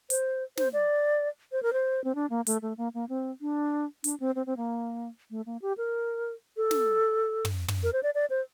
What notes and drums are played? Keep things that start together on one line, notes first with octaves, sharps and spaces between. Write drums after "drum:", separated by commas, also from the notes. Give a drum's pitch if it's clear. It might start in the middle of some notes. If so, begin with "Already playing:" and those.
C5, drum: hi-hat
C5, drum: snare
D5
C5
A#4
C5
C4
D4
A#3
A3, drum: hi-hat
A3
A#3
A#3
C4
D4
D4, drum: hi-hat
C4
C4
C4
A#3
A3
A#3
G4
A#4
A4
drum: snare
drum: tom
drum: tom
A#4
C5
D5
D5
C5